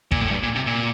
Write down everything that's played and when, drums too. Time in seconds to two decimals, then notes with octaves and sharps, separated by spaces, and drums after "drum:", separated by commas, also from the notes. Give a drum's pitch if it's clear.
0.11 A#2, drum: kick
0.21 A2
0.31 G2
0.43 A#2
0.55 C3
0.67 A#2